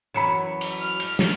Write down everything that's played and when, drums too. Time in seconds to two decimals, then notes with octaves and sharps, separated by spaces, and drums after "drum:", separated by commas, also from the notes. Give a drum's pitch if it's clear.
0.14 F#2 E3 F#3 B5 C#7 E7
0.61 drum: cymbal
0.80 F6
1.00 drum: cymbal
1.19 drum: snare